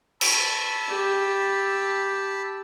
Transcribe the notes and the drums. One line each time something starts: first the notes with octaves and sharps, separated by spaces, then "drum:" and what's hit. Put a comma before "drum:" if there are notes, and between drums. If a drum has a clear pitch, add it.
A5 B5 E6, drum: cymbal
G4